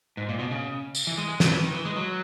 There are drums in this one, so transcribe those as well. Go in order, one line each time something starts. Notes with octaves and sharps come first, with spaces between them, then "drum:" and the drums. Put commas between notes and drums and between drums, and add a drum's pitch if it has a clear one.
G#2
A#2
B2
C#3
drum: tambourine
E3
G#3
G#3
F#3, drum: snare
E3
D#3
E3
G#3
F#3